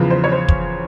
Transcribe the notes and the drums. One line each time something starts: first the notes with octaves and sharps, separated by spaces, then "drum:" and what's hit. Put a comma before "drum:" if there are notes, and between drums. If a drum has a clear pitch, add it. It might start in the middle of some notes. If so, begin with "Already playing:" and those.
Already playing: E2 C#3 F3 B4
C5
C#5
C5
drum: kick